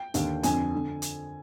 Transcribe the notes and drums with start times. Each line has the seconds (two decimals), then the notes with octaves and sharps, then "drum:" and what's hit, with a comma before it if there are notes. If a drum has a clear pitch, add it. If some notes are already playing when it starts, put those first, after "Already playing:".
Already playing: G5
0.14 D#2 D3, drum: hi-hat
0.43 F2 D3 G#5, drum: hi-hat
0.76 D3
1.02 drum: hi-hat